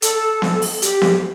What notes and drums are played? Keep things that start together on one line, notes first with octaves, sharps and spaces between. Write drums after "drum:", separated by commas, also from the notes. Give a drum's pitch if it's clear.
A4, drum: hi-hat
drum: snare B3
drum: open hi-hat
G4, drum: hi-hat
drum: snare B3